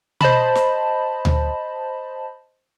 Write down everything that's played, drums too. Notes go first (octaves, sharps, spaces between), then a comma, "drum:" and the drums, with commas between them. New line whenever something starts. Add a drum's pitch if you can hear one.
C5 D#5 A5 B5, drum: tom B2
drum: snare
drum: tom D2